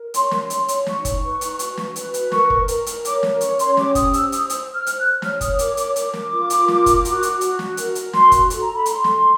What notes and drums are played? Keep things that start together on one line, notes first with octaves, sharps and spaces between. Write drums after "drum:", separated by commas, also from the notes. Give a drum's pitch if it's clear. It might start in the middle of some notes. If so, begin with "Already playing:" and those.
Already playing: A#4
C#5 C6, drum: hi-hat
C#6
C6, drum: snare
C#5, drum: hi-hat
drum: hi-hat
D#4 C#6, drum: snare
drum: kick, hi-hat
B4
drum: hi-hat
F#4, drum: hi-hat
drum: snare
B4, drum: hi-hat
drum: hi-hat
A#4 C#6, drum: snare
drum: kick
A#4, drum: hi-hat
drum: hi-hat
C#5 D6, drum: hi-hat
drum: snare
C#4 C#6, drum: hi-hat
C6, drum: hi-hat
G4 D6, drum: snare
D#6, drum: kick, hi-hat
C5 E6, drum: hi-hat
D#6, drum: hi-hat
C5 E6, drum: hi-hat
F6
C5, drum: hi-hat
F#6
C#5 F6, drum: snare
D#6, drum: kick, hi-hat
A#4 D6, drum: hi-hat
D6, drum: hi-hat
A#4 D6, drum: hi-hat
drum: snare
F4
drum: hi-hat
A#4, drum: snare
drum: kick, hi-hat
F#4, drum: hi-hat
drum: hi-hat
F#4, drum: hi-hat
drum: snare
A#4, drum: hi-hat
drum: hi-hat
F#4 C6, drum: snare
drum: kick, hi-hat
A4, drum: hi-hat
A#5
B5
A4 C6, drum: hi-hat
drum: snare